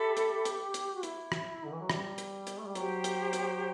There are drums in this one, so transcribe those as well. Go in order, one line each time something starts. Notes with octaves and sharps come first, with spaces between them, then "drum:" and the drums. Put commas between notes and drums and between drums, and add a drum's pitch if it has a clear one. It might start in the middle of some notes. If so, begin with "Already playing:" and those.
Already playing: G4 A4 E5 B5
drum: hi-hat
drum: hi-hat
drum: hi-hat
F#4
E4, drum: hi-hat
drum: rim click
D3
E3
F#3
G3, drum: rim click
drum: hi-hat
drum: hi-hat
A3
G3
F#3 G4 C5 G5, drum: hi-hat
drum: hi-hat
drum: hi-hat